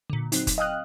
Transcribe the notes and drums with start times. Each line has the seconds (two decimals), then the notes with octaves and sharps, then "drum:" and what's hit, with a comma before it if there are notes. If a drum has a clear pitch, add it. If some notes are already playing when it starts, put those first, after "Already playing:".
0.10 A#2 D3
0.32 F#3 C4 D#4, drum: hi-hat
0.47 drum: kick F1, hi-hat
0.58 D#5 F5 G5 D#6 F6 F#6